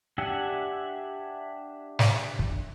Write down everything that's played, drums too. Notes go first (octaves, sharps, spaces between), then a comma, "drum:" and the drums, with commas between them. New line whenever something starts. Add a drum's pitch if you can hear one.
D4 G4 E5 F#5 G#5
drum: snare
drum: kick